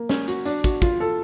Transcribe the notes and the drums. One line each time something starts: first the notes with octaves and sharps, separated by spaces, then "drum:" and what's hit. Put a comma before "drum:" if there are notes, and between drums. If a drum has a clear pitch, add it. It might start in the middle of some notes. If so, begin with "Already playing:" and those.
Already playing: A#3
C#4, drum: snare
F#4, drum: hi-hat
D4, drum: hi-hat
F#4, drum: kick, hi-hat
F4, drum: kick, hi-hat
A4